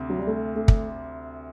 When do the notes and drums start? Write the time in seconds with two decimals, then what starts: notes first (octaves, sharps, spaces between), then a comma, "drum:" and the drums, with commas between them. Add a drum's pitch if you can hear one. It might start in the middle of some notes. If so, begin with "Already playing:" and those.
Already playing: D2 C3
0.10 F#3
0.18 G3
0.27 A3
0.56 A3
0.68 drum: kick